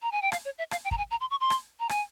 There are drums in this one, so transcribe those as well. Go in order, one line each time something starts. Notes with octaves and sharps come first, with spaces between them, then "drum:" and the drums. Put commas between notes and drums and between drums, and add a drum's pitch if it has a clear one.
A#5
G#5
G5
F5, drum: rim click
C#5
E5
F5, drum: rim click
G5
A#5, drum: kick
G#5
A#5
C6
C#6
C6
drum: rim click
A#5
G#5, drum: rim click